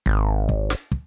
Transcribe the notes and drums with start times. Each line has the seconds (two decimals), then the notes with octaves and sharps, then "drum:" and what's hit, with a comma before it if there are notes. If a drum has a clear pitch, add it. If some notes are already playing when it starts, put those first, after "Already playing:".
0.06 G#1, drum: kick
0.49 drum: kick
0.70 drum: snare
0.92 drum: kick